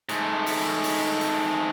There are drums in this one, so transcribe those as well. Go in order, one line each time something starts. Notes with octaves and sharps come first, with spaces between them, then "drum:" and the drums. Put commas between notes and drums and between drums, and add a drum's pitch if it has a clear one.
G#2 A3, drum: hi-hat
drum: open hi-hat
drum: open hi-hat
drum: hi-hat